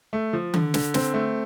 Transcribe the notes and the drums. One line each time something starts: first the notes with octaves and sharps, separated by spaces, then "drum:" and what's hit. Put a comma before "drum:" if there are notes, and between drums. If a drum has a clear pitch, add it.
A3
F3
D3, drum: tom D#3
D3, drum: snare
C4, drum: snare
A3